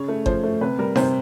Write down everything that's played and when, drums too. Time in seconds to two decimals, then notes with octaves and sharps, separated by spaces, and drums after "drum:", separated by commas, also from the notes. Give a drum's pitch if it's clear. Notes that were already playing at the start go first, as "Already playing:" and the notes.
Already playing: C#3 C#5
0.08 A3
0.26 F3 C5, drum: kick G1
0.43 A3
0.61 C3 B4
0.78 G3 A#4
0.96 C3 C5, drum: snare D#4